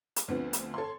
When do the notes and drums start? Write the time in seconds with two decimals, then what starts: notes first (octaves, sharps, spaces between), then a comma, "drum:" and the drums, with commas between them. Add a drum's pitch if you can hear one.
0.16 drum: hi-hat
0.28 D2 D3 F3 B3 C4
0.53 drum: hi-hat
0.74 A4 C#5 C6